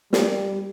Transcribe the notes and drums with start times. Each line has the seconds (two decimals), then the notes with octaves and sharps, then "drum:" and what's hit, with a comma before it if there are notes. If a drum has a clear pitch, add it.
0.13 G3, drum: snare